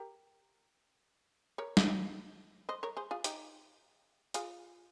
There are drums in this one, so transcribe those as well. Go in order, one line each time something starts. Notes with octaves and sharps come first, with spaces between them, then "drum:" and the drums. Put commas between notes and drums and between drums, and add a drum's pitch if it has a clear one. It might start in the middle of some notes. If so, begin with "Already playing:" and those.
Already playing: G4 A#4
A#4 C#5
drum: snare
C5 D#5
A#4 C#5
G#4 C5
F4 G#4
D#4 G4, drum: hi-hat
F4 G#4, drum: hi-hat